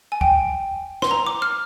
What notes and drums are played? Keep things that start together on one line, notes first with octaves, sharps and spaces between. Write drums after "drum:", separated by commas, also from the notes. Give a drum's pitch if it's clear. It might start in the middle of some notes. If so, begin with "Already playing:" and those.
G#5
G5, drum: kick
C6, drum: snare
A#5
D6
F6